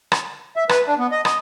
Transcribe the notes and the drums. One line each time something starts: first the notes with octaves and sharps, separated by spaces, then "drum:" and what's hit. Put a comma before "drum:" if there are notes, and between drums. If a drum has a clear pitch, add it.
drum: rim click
E5
B4, drum: rim click
D4
B3
D#5
D#5, drum: rim click